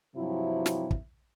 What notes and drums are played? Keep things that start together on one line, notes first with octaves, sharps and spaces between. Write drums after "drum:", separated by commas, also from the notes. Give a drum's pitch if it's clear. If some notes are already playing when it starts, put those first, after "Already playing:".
G2 C3 F3 F#3 C4 E4
drum: snare
drum: kick